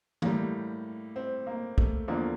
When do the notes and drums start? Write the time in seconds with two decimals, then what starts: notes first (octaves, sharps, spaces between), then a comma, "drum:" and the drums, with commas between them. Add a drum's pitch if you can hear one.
0.22 A2 G3 A#3, drum: tom E3
1.16 C4
1.47 A#3
1.78 A3, drum: kick
2.08 E2 D3 F3 A#3